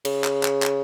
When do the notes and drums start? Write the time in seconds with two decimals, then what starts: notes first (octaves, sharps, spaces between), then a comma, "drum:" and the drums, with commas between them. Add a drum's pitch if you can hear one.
0.05 C#3, drum: cymbal
0.24 drum: clap
0.43 drum: clap
0.62 drum: clap